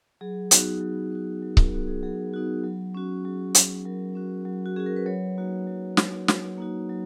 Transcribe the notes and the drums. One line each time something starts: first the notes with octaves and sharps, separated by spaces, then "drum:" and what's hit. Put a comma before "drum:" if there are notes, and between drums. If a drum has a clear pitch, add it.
F#3 G#4
B3 D#4 F#4, drum: hi-hat
F#3
B3 D#4 F#4
F#3 A#4
A#4, drum: kick C#1
B3 D#4 F#4 G#4
G#4
F#3 G#4
B3 D#4 F#4
F#3
C#4 F#4
F#3 G#4
C#4 F#4, drum: hi-hat
F#3 A#4
C#4 F#4
F#3
F#4
C#4 F#4 G#4
A#4
B4
F#3 C#5
A#3 D#4 F#4
F#3
A#3 D#4 F#4, drum: snare
F#3, drum: snare
A#3 D#4 F#4
F#3